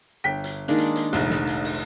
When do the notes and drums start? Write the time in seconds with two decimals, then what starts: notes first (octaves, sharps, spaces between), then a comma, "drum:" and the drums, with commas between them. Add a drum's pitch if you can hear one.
0.24 G1 G5 B6
0.44 drum: hi-hat
0.68 D#3 G#3 A#3 D4
0.78 drum: hi-hat
0.96 drum: hi-hat
1.13 F1 A#1, drum: hi-hat
1.30 drum: snare
1.47 drum: hi-hat
1.65 drum: open hi-hat